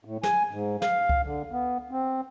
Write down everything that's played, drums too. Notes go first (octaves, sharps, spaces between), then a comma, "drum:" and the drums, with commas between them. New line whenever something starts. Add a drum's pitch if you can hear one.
A2
G#5, drum: snare
G#2
F5, drum: snare
drum: kick C#2
D3
B3
C4